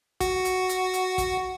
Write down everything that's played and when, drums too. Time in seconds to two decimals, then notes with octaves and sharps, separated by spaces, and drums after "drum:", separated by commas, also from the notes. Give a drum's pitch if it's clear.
0.21 F#4, drum: kick, hi-hat
0.45 drum: hi-hat
0.69 drum: hi-hat
0.94 drum: hi-hat
1.18 drum: kick, hi-hat